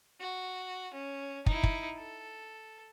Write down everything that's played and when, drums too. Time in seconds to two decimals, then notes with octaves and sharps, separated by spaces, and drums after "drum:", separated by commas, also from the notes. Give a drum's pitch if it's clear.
0.21 F#4
0.94 C#4
1.46 D#4 E4, drum: kick
1.63 drum: kick
1.97 A4